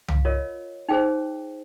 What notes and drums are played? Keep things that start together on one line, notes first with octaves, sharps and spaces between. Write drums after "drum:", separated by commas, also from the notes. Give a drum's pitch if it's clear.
F5, drum: tom C2
F4 A#4 C#5 D#5
D#4 G#4 C5 G5